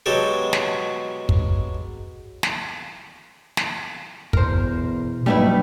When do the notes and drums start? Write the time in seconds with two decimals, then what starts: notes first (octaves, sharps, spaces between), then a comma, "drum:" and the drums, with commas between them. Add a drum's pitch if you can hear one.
0.06 B2 F#3 G#3 G4 A4
0.53 drum: snare
1.29 drum: kick
2.43 drum: snare
3.57 drum: snare
4.33 E2 B2 A#4 C5, drum: kick
5.26 A#1 G#2 F#3 G3 A3 D#4 E4 B4